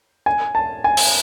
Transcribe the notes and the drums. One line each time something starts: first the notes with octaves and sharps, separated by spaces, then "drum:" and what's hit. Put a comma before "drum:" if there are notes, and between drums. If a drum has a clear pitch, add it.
G#5
A5
G#5
drum: open hi-hat